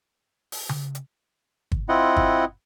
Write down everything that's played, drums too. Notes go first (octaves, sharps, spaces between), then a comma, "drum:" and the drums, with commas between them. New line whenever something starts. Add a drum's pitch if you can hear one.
drum: open hi-hat
drum: tom C#3
drum: hi-hat
drum: kick
C4 E4 F4 D#5 F#5
drum: kick